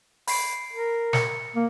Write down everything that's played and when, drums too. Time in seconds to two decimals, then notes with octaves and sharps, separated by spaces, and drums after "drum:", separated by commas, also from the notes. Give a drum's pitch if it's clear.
0.27 B5 C7 D7, drum: open hi-hat
0.73 A#4
1.13 C#7, drum: snare
1.56 A#3